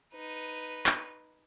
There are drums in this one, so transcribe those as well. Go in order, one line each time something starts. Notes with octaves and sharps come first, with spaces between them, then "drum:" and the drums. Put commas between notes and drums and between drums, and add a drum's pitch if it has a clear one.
D#4 B4
drum: clap